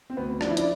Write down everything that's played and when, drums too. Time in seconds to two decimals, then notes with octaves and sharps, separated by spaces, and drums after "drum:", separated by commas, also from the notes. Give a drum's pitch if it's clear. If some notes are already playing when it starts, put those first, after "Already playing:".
0.10 C4
0.17 D2 B3
0.41 F3 D4, drum: rim click
0.50 E4
0.57 D4, drum: hi-hat